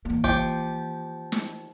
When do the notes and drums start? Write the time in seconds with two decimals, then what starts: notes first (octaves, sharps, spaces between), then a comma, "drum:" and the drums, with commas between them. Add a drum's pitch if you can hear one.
0.05 E3 A#3
0.24 F3 G4, drum: kick
1.32 drum: snare